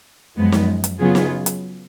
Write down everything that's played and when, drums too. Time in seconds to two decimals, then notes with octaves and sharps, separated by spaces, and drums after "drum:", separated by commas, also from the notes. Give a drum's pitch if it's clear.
0.37 F#2 F3 G#3 B3
0.52 drum: snare
0.84 drum: hi-hat
0.99 C#3 F#3 B3 F4 G#4
1.15 drum: snare
1.46 drum: hi-hat